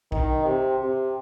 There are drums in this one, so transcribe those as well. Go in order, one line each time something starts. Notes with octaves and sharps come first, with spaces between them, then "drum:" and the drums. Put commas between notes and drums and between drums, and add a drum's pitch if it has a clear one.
D#3, drum: kick A#1
C3
C3